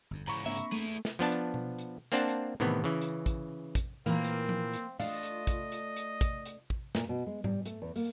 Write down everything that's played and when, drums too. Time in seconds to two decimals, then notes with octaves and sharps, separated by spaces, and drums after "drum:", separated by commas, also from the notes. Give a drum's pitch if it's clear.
0.11 G1 F2 D3
0.27 G#2 C#3 E3 A#5 B5 C#6
0.46 A#3 C4 D4 E5
0.56 drum: hi-hat
0.72 A3 E4 G#4
1.05 drum: snare
1.19 F3 B3 D4 A5
1.29 drum: hi-hat
1.54 drum: tom B2
1.79 drum: hi-hat
2.12 A#3 C4 D4 C5 F#5 A5
2.28 drum: hi-hat
2.60 A2 C3 D#3 E3 B3
2.84 C#3 E3
3.01 drum: hi-hat
3.26 drum: kick, hi-hat
3.75 drum: kick, hi-hat
4.06 A#2 E3 A#3 C4
4.24 drum: hi-hat
4.49 drum: tom F3
4.74 drum: hi-hat
5.00 A3 D4 F4 D#5, drum: open hi-hat
5.23 drum: hi-hat
5.47 drum: kick, hi-hat
5.72 drum: hi-hat
5.96 drum: hi-hat
6.21 drum: kick, hi-hat
6.46 drum: hi-hat
6.70 drum: kick
6.95 A#2, drum: snare
7.09 B2
7.26 G#3
7.44 G3, drum: tom G#2
7.66 A3, drum: hi-hat
7.82 E2
7.96 A#3, drum: open hi-hat